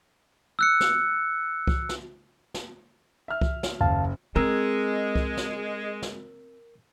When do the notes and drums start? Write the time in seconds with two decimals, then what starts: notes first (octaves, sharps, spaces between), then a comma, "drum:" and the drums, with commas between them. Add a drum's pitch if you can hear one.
0.59 E6 F#6 C#7
0.80 drum: snare
1.67 drum: kick C2
1.89 drum: snare
2.54 drum: snare
3.28 E5 F6
3.41 drum: kick C2
3.63 drum: snare
3.81 F#1 D#2 F5 A5
4.36 G#3 C4 A#4 E6
5.15 drum: kick C2
5.37 drum: snare
6.02 drum: snare